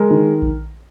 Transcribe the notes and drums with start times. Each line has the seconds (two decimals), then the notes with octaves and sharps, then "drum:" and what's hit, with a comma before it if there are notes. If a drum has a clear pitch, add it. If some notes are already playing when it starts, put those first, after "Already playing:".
Already playing: G#3 A#4
0.10 D#3
0.42 drum: kick A#1